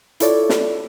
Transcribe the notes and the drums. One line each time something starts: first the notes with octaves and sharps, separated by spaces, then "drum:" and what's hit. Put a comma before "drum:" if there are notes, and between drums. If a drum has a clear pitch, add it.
E4 F4 A4 C#5 D5, drum: hi-hat
drum: snare